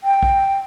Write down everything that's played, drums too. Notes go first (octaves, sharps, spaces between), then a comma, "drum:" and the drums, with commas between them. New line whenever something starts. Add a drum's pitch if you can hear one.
G5
drum: kick